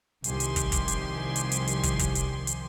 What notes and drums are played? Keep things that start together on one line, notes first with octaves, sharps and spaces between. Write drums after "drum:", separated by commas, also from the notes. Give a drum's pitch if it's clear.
C2 D#3 F3 G4 G#5 C6, drum: hi-hat
drum: hi-hat
drum: kick, hi-hat
drum: kick, hi-hat
drum: hi-hat
drum: hi-hat
drum: hi-hat
drum: hi-hat
drum: kick, hi-hat
drum: kick, hi-hat
drum: hi-hat
drum: hi-hat